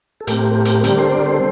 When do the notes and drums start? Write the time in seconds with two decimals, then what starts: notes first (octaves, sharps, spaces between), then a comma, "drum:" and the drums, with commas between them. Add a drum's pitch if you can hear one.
0.21 A4
0.27 A2 A3 C4 G4 A#4, drum: hi-hat
0.55 G4 A#4
0.65 drum: hi-hat
0.84 D3 G3 C4 G4 A#4, drum: hi-hat
0.98 A4 C5
1.12 A#4 D5
1.26 A4 C5